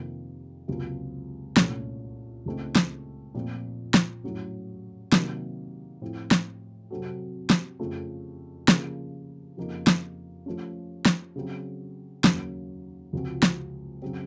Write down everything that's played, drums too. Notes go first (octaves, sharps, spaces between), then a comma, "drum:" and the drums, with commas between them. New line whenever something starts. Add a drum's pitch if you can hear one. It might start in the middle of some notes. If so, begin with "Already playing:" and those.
Already playing: F2 C3 D#3 A#3
C#2 C3 F#3 A#3 F4
C2 A#2 A3 C#4, drum: snare
C#2 C#3 A3 C4 D#4
drum: snare
A#2 F3 A3 C4
drum: snare
A2 F#3 A3 C#4
C3 D#3 F#3 A#3, drum: snare
A2 F3 C4 F4
drum: snare
C3 F#3 C4 F#4 A4
drum: snare
F2 C#3 F3 A3 C4
C#3 F3 A#3, drum: snare
F2 C#3 F3 A#3 D#4
drum: snare
F3 A3 C#4
drum: snare
C#3 F#3 C4
D#2 C#3 F#3 A#3 C#4, drum: snare
C#2 C3 F3 C4 F#4
drum: snare
C#3 F#3 C4